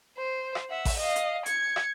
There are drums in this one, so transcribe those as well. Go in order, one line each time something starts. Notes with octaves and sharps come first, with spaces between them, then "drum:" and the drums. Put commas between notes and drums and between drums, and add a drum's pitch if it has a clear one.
C5
drum: rim click
E5 F#5
drum: kick A1, open hi-hat
D#5 F5
drum: hi-hat
G#6 C#7, drum: hi-hat
drum: rim click